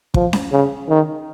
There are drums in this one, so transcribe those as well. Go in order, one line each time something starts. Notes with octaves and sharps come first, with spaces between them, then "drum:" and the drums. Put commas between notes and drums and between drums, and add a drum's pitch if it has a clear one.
F3, drum: kick
drum: snare C#4
C#3
D#3